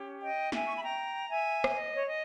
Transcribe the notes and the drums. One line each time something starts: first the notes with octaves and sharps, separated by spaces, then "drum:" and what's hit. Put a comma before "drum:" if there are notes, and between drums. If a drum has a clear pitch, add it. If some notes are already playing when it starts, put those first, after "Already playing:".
Already playing: C#4 G4
D#5 G5
E5 G#5, drum: snare
C#6
B5
G5 A#5
E5 G#5
drum: rim click
D#5
C#5
D#5